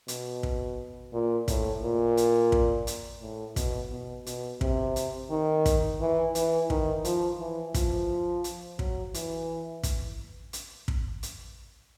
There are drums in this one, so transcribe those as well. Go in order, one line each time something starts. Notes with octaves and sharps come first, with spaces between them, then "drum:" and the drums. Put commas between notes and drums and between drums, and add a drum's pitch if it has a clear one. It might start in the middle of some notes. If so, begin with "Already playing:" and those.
B2, drum: hi-hat
drum: kick
A#2
A2, drum: kick, hi-hat
A#2
drum: hi-hat
drum: kick
drum: hi-hat
A2
B2, drum: kick, hi-hat
B2
B2, drum: hi-hat
C3, drum: kick
drum: hi-hat
D#3
drum: kick, hi-hat
E3
E3, drum: hi-hat
D#3, drum: kick
F3, drum: hi-hat
E3
F3, drum: kick, hi-hat
drum: hi-hat
F#3, drum: kick
E3, drum: hi-hat
drum: kick, hi-hat
drum: hi-hat
drum: kick
drum: hi-hat